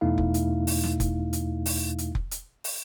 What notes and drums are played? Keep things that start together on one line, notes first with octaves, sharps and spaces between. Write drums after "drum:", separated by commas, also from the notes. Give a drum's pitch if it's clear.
E2 B2 A3 D#4 E4 F5
drum: kick F1
drum: hi-hat
drum: open hi-hat
drum: snare
drum: kick F1, hi-hat
drum: hi-hat
drum: open hi-hat
drum: hi-hat
drum: kick F1
drum: hi-hat
drum: open hi-hat